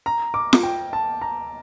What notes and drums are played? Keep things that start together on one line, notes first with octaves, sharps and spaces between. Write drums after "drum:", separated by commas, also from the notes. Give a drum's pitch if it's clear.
A#5
D6
drum: snare F4
G5
A5
A#5